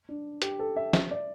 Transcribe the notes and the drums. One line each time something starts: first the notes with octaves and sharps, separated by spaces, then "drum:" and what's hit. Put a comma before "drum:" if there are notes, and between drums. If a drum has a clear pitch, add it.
D4
G4, drum: hi-hat
A4
E5
E5, drum: snare
D5